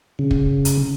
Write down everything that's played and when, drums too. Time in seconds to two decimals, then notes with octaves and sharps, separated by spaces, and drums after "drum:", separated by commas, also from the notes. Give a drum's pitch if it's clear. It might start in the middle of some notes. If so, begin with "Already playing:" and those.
0.19 C#3
0.31 drum: kick
0.65 drum: hi-hat